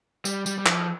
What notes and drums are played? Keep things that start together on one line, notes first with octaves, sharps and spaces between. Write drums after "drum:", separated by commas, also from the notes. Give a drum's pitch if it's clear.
G3, drum: tambourine
G3, drum: tambourine
G3
F3, drum: clap